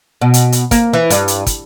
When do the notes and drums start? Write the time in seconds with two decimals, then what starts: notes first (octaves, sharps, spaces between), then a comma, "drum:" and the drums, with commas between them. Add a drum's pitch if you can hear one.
0.21 B2
0.34 drum: hi-hat
0.52 drum: hi-hat
0.71 A#3, drum: kick, hi-hat
0.93 E3
1.10 G2, drum: hi-hat
1.28 drum: hi-hat
1.47 drum: kick, hi-hat